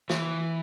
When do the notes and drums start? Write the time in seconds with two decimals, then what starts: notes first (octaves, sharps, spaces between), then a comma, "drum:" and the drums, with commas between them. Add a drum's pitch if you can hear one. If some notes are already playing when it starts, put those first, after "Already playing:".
0.09 E3, drum: snare